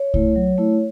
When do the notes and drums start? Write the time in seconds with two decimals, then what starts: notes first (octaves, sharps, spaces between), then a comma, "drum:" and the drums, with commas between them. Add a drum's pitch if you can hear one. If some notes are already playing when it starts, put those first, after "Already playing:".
Already playing: C#5
0.14 A3 E4, drum: kick C2
0.36 F#3
0.58 A3 E4